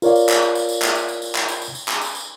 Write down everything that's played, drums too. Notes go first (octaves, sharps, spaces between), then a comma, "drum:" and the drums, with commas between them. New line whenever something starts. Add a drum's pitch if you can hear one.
F4 A#4 C#5 D5 F5, drum: tambourine
drum: tambourine
drum: clap
drum: tambourine
drum: tambourine
drum: tambourine
drum: clap
drum: tambourine
drum: tambourine
drum: tambourine
drum: clap
drum: tambourine
drum: tambourine
drum: tambourine
drum: clap
drum: tambourine
drum: tambourine